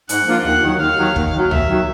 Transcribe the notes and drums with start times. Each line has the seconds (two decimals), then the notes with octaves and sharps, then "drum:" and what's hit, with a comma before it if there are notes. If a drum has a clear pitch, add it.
0.09 G#2 F#5, drum: hi-hat
0.27 F3 A#3 D4 F4
0.45 D#2 F#5
0.62 D#3 F#3
0.80 D#2 F5
0.98 D#3 F#3
1.16 D#2, drum: kick
1.33 D#3 F#3
1.51 D#2 E5, drum: tom C2
1.69 D#3 F#3